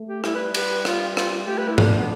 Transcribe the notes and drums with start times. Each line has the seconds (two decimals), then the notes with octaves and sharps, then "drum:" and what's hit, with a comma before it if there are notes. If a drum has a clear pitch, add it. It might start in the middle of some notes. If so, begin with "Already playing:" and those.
Already playing: A3
0.09 G4
0.24 G3 E4, drum: rim click
0.35 B4
0.54 B4, drum: cymbal
0.85 F4, drum: rim click
1.17 F4, drum: rim click
1.47 A3 G4
1.58 B4
1.68 E4
1.78 D4, drum: tom
1.98 B3